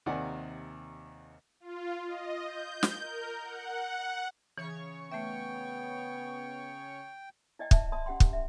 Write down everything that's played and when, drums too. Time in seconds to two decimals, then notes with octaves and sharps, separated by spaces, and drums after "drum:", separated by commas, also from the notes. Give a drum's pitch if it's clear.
0.06 D#2 C3 D#3 D5 F#5 G#5
1.60 F4
2.06 D#5
2.43 G6
2.83 drum: snare
3.00 A#4
3.42 F#5
4.58 C#3 E3 C#5 C#6
5.12 A3 B3 E5 G5
7.59 E4 D5 D#5 G5
7.71 E5 A5, drum: kick
7.92 D5 A5 B5 C6 D#6
8.06 C#4 G4 F#5 G5 C6
8.20 G4, drum: kick
8.33 E5